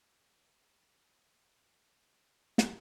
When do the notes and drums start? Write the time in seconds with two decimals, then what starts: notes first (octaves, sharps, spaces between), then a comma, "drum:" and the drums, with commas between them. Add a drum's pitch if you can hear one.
0.16 A#4
1.87 G#3 E5 A5 C#6
2.58 drum: snare